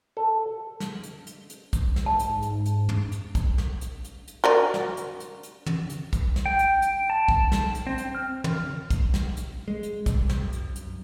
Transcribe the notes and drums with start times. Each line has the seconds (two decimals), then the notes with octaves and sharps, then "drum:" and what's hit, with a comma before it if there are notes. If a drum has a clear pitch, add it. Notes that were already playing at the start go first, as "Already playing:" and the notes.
0.17 A4
0.80 drum: snare
1.04 drum: hi-hat
1.27 drum: hi-hat
1.50 drum: hi-hat
1.73 drum: kick B1, hi-hat
1.96 drum: snare
2.06 G#2 A5
2.19 drum: hi-hat
2.42 drum: hi-hat
2.66 drum: hi-hat
2.89 drum: tom
3.12 drum: hi-hat
3.35 drum: kick B1, hi-hat
3.58 drum: snare
3.81 drum: hi-hat
4.04 drum: hi-hat
4.28 drum: hi-hat
4.44 F#4 A#4 D5
4.74 drum: snare
4.97 drum: hi-hat
5.20 drum: hi-hat
5.43 drum: hi-hat
5.66 drum: tom
5.90 drum: hi-hat
6.13 drum: kick B1, hi-hat
6.36 drum: snare
6.46 G5
6.59 drum: hi-hat
6.82 drum: hi-hat
7.10 A5
7.28 drum: kick B1
7.52 drum: snare
7.75 drum: hi-hat
7.87 C4
7.98 drum: hi-hat
8.15 F6
8.44 drum: tom
8.91 drum: kick B1, hi-hat
9.14 drum: snare
9.37 drum: hi-hat
9.68 G#3
9.83 drum: hi-hat
10.06 C2, drum: kick B1, hi-hat
10.29 drum: snare
10.41 F#2
10.53 drum: hi-hat
10.76 drum: hi-hat